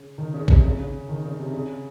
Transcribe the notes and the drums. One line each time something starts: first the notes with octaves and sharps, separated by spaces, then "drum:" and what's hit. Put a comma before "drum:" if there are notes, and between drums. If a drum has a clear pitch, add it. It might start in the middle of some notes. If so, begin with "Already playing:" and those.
Already playing: C#3
D#3
C#3
C3, drum: kick
C#3
C#3
D#3
C#3
C3
C#3